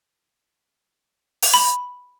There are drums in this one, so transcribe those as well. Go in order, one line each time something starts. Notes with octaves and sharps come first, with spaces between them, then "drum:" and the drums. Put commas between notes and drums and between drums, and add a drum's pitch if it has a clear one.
drum: open hi-hat
B5